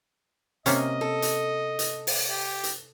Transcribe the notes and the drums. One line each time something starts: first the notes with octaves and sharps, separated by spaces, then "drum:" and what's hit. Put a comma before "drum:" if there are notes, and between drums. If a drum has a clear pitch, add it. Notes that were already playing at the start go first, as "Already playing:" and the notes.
C3 A#3 C#4 D#5, drum: hi-hat
A4
drum: hi-hat
drum: hi-hat
drum: open hi-hat
G4
drum: hi-hat